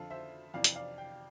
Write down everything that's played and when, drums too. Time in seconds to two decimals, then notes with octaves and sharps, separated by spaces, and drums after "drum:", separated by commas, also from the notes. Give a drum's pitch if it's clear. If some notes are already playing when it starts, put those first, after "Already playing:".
Already playing: F2 D3 F3 F4 A4
0.10 C5 E5
0.54 F2 C3 E3 D5 F5
0.64 drum: hi-hat
0.75 D5 F5
0.98 G5